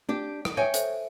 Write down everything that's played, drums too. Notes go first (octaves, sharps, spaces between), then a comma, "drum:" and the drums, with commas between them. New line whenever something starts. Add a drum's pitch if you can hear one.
D4 G4
drum: rim click
C#5 E5 G5 G#5
A4 C5 E5, drum: hi-hat